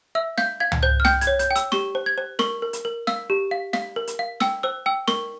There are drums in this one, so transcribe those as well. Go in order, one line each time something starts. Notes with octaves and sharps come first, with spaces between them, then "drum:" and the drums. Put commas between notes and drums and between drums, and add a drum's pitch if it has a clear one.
E5 E6
F5 G6, drum: snare
F5 G#6
drum: tom C#2
C5 G6
F6
G5 G6, drum: snare
G#6, drum: hi-hat
C#5
G6, drum: hi-hat
G5
E6, drum: hi-hat
G4 C#6, drum: snare
C5
G#6
C5
A#4 C#6, drum: snare
A#4
drum: hi-hat
A#4
F5 E6, drum: snare
G4
F5
F5, drum: snare
A#4
drum: hi-hat
F5
G5 E6, drum: snare
C5 E6
G5 E6
A#4 C#6, drum: snare